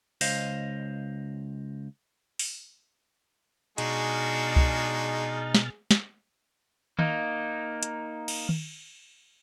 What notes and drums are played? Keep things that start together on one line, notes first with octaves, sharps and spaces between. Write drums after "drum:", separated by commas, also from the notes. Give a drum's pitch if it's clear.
C#2 C5 D#5 F5, drum: open hi-hat
drum: open hi-hat
B2 G#3 D4 D#4 F#4 G#4 F6 A6, drum: cymbal
drum: kick C2
drum: snare
drum: snare
A#3 D#4, drum: tom D#3
drum: hi-hat
drum: cymbal
drum: tom D#3